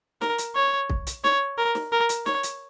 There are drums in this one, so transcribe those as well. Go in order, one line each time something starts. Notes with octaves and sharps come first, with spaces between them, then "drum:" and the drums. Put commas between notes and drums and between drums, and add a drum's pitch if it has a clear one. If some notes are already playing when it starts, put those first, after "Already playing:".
A#4, drum: snare
drum: hi-hat
C#5
drum: kick
drum: hi-hat
C#5, drum: snare
A#4
drum: snare
A#4
drum: hi-hat
C#5, drum: snare
drum: hi-hat